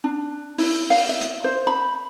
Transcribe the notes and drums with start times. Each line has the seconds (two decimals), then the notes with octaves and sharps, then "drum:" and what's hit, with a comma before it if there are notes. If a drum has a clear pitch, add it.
0.04 D4
0.58 E4, drum: open hi-hat
0.90 F5, drum: open hi-hat
1.09 E5
1.21 drum: hi-hat
1.44 C5
1.67 B5